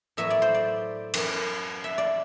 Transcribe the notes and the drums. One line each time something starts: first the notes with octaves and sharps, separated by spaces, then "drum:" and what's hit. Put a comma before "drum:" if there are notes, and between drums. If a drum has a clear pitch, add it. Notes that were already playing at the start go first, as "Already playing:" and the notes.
A2 F#3 B3 E5
D5
C5
D5
F#2 F#3 B3, drum: cymbal
E5
D5